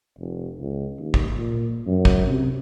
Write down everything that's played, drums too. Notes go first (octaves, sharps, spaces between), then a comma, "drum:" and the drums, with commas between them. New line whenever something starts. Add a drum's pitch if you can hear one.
F1
C#2
D#2
drum: kick
A#2
F#2
drum: kick
C3